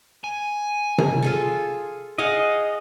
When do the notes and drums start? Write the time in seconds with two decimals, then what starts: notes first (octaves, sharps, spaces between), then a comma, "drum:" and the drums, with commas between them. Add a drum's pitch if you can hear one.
0.24 G#5
0.98 drum: tom C3
1.22 F4 G#4 A4
2.18 G#4 D#5 F5 F#5